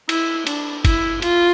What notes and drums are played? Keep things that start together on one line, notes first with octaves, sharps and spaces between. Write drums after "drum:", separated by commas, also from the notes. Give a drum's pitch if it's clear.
E4, drum: cymbal
D4, drum: cymbal
E4, drum: kick G1, cymbal
F4, drum: cymbal